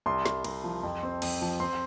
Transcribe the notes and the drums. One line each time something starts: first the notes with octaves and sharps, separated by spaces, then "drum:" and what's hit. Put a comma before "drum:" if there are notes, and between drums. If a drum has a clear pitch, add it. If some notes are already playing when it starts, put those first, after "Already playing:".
C2 C6
C2, drum: snare
C2, drum: cymbal
F3
F2
C4
F2, drum: cymbal
F3
C4 C6